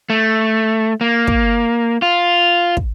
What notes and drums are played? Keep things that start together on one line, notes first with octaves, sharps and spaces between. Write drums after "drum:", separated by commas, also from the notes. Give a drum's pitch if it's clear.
A3
A#3
drum: kick
F4
drum: kick